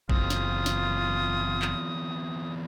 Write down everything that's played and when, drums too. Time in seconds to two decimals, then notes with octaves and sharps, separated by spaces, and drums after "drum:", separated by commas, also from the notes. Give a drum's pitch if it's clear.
0.09 F#1 E2 C4 F4 D#6, drum: kick A#1
0.30 drum: snare
0.66 drum: snare
1.62 drum: clap